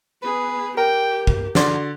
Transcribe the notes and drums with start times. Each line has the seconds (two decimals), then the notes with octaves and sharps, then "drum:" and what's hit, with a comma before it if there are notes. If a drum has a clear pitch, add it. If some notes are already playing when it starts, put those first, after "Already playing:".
0.22 B3 G#4 B4
0.77 G4 A#4 G5
1.27 drum: kick
1.55 D3 F#4 D5 C6, drum: snare